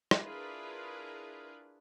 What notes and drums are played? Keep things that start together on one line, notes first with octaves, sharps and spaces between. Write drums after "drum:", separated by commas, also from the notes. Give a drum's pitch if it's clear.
drum: rim click
D4 E4 F4 G#4 A#4 B4